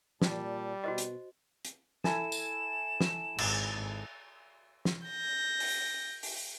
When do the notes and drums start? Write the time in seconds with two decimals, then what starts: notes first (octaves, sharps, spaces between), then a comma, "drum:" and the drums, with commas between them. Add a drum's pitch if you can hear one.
0.22 A#2 G3 A5, drum: snare
0.84 B2 F#4 C5 D#5
0.98 drum: hi-hat
1.65 drum: hi-hat
2.04 E4 A4 G#5 E7, drum: snare
2.32 drum: tambourine
3.01 drum: snare
3.38 G#1, drum: cymbal
4.85 drum: snare
5.07 G6 A#6
5.60 drum: open hi-hat
6.23 drum: open hi-hat